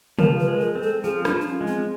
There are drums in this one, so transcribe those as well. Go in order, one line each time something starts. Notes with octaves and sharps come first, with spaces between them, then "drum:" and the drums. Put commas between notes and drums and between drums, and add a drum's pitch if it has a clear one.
F3 A#4, drum: tom
B4
G#3
A#4
C4
A4
F3 G#4
D4, drum: rim click
F3
D4
C#4
G#3
C4